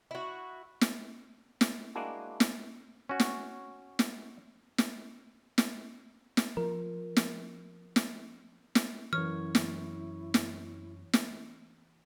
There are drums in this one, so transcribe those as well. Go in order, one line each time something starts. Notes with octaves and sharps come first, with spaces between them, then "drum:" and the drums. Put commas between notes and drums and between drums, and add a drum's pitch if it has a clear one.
E4 F#4
drum: snare
drum: snare
G#3 A#3 D4 E4 F#4
drum: snare
C#4 F#4
drum: snare
drum: snare
drum: snare
drum: snare
drum: snare
F3 A#4
drum: snare
drum: snare
drum: snare
F#2 E3 E4 C#5 C#6 F6
drum: snare
drum: snare
drum: snare